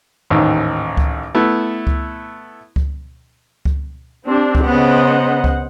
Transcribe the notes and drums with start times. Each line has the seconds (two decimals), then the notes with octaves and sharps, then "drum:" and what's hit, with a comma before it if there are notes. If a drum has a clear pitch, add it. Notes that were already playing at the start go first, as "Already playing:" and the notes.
0.30 A1 D#2 G#2 D#3
0.97 drum: kick C#2
1.35 A3 B3 E4
1.87 drum: kick C#2
2.76 drum: kick C#2
3.65 drum: kick C#2
4.25 C4 D4 G4
4.55 drum: kick C#2
4.65 C#3 B3 C5 D#5 F#5
5.44 drum: kick C#2